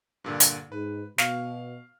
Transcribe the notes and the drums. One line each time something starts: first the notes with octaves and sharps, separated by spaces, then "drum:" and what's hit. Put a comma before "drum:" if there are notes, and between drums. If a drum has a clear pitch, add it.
G2 A#2 D3
drum: hi-hat
G#2 B4
B2 F5 C#6 F6, drum: snare